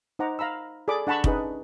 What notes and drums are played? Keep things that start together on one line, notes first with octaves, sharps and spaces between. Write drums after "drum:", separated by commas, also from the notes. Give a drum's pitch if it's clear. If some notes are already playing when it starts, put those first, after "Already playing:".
D#4 C5 F#5 A#5 D6
F5 A#5 B5 E6
G#4 A4 D5 B5 D6
D4 F#5 A5 B5 C#6
C#4 D#4 G#4 B4, drum: kick